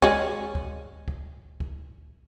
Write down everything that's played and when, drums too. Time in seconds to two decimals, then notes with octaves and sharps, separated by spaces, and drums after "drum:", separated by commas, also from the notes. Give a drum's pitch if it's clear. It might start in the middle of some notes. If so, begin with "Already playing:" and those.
0.02 G#3 C#4, drum: kick
0.55 drum: kick
1.08 drum: kick
1.60 drum: kick